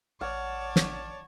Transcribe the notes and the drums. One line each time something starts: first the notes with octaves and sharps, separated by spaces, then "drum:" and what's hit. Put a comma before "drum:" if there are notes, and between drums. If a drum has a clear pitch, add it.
A1 C#5 D5 F#5 A5 F6
drum: snare